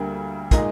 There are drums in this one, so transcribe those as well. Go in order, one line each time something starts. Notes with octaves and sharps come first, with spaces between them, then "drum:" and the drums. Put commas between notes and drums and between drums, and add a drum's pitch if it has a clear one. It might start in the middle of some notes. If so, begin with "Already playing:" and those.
Already playing: D2 D3 G3 A#3
A#2 G#3 D#4, drum: kick, hi-hat